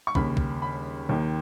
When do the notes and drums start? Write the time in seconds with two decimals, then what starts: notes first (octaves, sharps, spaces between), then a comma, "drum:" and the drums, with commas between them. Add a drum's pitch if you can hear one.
0.07 C#6
0.15 D#2 C#3 B5, drum: kick
0.37 drum: kick
0.62 B5
1.09 D#2 D#3